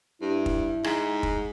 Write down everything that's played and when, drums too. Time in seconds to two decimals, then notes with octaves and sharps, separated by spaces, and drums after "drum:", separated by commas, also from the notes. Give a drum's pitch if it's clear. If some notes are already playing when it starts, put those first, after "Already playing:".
0.22 G2 E4
0.46 drum: kick
0.84 G#2, drum: rim click
1.23 drum: kick